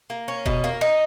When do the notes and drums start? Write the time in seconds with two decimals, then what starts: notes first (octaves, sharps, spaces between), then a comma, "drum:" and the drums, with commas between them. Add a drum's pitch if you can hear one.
0.10 A#3
0.28 C#4
0.46 B2, drum: kick F1
0.64 A#3
0.81 D#4